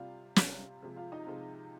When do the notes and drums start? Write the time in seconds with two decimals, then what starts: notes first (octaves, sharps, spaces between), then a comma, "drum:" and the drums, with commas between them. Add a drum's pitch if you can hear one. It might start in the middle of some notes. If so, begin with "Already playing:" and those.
Already playing: C3 G3 F4 F5
0.36 C3 G3, drum: snare
0.82 C3 F3 G#3
0.96 F4 F5
1.12 D#4 D#5
1.27 C3 F3 G#3